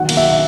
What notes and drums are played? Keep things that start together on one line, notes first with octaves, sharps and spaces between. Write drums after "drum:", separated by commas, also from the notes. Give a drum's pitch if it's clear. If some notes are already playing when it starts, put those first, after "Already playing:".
Already playing: B1 D#3 F#5
A#3, drum: cymbal
E5